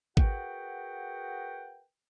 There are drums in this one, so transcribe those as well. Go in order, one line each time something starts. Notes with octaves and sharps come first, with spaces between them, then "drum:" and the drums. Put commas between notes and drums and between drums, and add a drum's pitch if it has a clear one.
F#4 G#4 A#4 B4 F#5 G5, drum: kick G#1